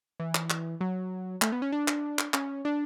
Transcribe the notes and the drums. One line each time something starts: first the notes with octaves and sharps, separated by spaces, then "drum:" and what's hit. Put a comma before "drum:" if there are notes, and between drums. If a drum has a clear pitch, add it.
E3
drum: clap
drum: clap
F#3
A3, drum: clap
B3
C#4
D4
drum: clap
drum: clap
C#4, drum: clap
D4